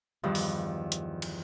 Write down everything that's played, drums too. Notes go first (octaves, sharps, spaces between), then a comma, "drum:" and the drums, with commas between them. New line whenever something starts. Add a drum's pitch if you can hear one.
E2 G2 D#3 F3
drum: open hi-hat
drum: hi-hat
drum: cymbal